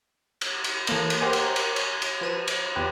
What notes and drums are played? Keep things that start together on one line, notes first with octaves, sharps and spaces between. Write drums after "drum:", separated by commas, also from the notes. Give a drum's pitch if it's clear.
drum: cymbal
drum: cymbal
E3 A3 A#3 A#5, drum: cymbal
drum: cymbal
G4 A#4 C5 D#5 F#5 G#5
drum: cymbal
drum: cymbal
C#5 G#5, drum: cymbal
drum: cymbal
F3 B4 D#7 E7
drum: cymbal
E2 F4 G4 B4